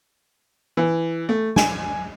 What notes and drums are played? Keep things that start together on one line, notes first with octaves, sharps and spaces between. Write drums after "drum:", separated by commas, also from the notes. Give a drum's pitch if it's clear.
E3
A3
G#5, drum: snare